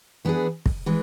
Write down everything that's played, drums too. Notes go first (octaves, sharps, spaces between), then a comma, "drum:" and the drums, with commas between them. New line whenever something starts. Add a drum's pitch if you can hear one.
E3 B3 D4 G#4
drum: kick
E3 G#3 B3